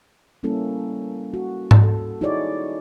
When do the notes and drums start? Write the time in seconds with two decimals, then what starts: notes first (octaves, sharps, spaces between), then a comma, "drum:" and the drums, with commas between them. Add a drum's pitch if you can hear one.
0.43 G3 A#3 C#4 E4 A4
1.34 F#4
1.71 drum: tom G#2
1.83 A4
2.21 D#4 E4 F#4 G#4 C#5 D5